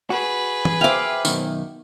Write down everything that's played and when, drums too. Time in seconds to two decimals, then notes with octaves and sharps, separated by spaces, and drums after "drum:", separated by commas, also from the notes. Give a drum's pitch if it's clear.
0.10 F#4 G#4 B4
0.65 drum: tom
0.81 C5 E5 F5 G5 D6
1.25 F#2 B2 D#3, drum: tambourine